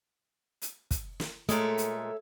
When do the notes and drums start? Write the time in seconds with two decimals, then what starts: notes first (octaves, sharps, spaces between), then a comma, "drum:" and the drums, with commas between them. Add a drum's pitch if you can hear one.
0.62 drum: hi-hat
0.91 drum: kick, hi-hat
1.20 drum: snare
1.49 A#2 G#3 A3 A4 C#5 E5, drum: hi-hat
1.78 drum: hi-hat